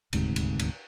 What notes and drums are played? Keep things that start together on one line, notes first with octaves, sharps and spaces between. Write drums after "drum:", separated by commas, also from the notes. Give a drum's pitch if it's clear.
D#1 D2 G#2 C3, drum: cymbal
drum: cymbal
drum: cymbal